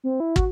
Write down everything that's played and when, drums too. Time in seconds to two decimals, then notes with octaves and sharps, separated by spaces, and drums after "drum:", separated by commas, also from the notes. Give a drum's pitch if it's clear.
0.04 C4
0.20 E4
0.36 F#4, drum: kick